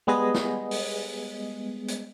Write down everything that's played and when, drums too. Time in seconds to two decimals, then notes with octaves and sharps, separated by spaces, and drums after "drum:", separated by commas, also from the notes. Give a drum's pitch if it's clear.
0.07 G3 G#3 B3 G#4 D#5
0.34 drum: snare
0.71 drum: open hi-hat
1.88 drum: hi-hat